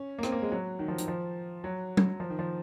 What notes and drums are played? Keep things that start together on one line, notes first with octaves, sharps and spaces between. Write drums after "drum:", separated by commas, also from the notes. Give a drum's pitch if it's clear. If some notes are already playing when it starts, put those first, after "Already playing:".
Already playing: C#4
A#3
C4, drum: rim click
A#3
G#3
F#3
D#3
F3
D#3, drum: hi-hat
F3
F#3
drum: tom F#3
F3
D#3
F3